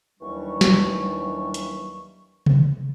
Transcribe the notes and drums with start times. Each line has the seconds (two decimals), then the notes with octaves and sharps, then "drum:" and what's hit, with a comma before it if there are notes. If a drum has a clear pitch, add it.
0.20 D#2 E3 F#3 G3 D4 C#6
0.61 drum: snare
1.54 drum: hi-hat
2.46 drum: tom C3